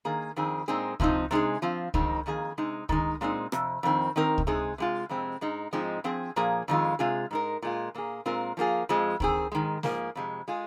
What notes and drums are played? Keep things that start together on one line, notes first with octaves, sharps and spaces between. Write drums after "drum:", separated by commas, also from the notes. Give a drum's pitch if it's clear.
D#3 A#3 G#4
F2 D#3 C4 G#4
A#2 G#3 C4 D#4 G#4
C3 F3 C4 D#4, drum: kick C#2
C3 G#3 D#4 G#4
F3 C4 F4
F2 D#3 G#3 C4 D#4, drum: kick C#2
F2 D#3 A#3 G#4
C3 G#3 D#4
D#3 G#3 D#4 A#4, drum: kick C#2
A#2 G#3 C4 D#4
F2 C3, drum: rim click
F2 D#3 C4
D#3 C4 D#4 A#4
drum: kick C#2
C3 G#3 D#4 G#4
C3 G#3 F4
F2 C3 G#3 C4
G#2 G#3 D#4
G#2 F3 G#3 C4 D#4
F3 C4 G#4
A#2 F3 A#3 G#4
F2 D#3 G#3 F4
C3 G#3 F4 G#4
G#2 G#3 D#4 A#4
A#2 G#3 F4
A#2 A#3 G#4
A#2 G#3 C4 F4 A#4
F3 A#3 F4 G#4
F2 F3 G#3
D#3 C4 G#4, drum: kick C#2
G#2 D#3 G#3
G#2 F3 A#3 G#4, drum: snare
F2 C3 G#3
G#3 F4 G#4